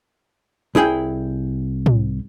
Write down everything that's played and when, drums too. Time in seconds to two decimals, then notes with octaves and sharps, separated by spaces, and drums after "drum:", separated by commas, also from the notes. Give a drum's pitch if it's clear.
0.75 C2 E4 G#4 G5
1.86 drum: tom